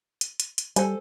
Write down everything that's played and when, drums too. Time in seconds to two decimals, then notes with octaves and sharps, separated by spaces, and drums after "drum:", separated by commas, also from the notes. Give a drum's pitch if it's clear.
0.21 drum: hi-hat
0.40 drum: hi-hat
0.58 drum: hi-hat
0.76 G3 A4 C5 G#5, drum: hi-hat